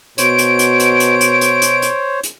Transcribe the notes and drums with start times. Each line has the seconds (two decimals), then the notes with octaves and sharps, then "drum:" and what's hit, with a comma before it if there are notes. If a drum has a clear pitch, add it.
0.18 B2 C5 C#5 D7, drum: hi-hat
0.38 drum: hi-hat
0.59 drum: hi-hat
0.80 drum: hi-hat
1.00 drum: hi-hat
1.21 drum: hi-hat
1.41 drum: hi-hat
1.62 drum: hi-hat
1.82 drum: hi-hat
2.23 drum: hi-hat